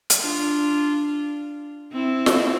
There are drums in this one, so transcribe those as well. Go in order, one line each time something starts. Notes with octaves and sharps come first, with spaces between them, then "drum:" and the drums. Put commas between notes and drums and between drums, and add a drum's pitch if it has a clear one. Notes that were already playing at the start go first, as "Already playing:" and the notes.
drum: hi-hat
D4 F4
C4 E4
drum: snare